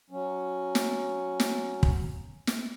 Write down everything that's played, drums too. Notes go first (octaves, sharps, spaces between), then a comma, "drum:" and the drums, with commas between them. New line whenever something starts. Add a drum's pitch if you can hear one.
F#3 C#4
drum: snare
drum: snare
drum: kick
drum: snare